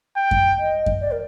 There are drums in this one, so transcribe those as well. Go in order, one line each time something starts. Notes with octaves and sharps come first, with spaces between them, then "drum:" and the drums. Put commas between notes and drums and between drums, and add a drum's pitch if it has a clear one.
G5
drum: kick F#2
D#5
drum: kick F#2
D5
A#4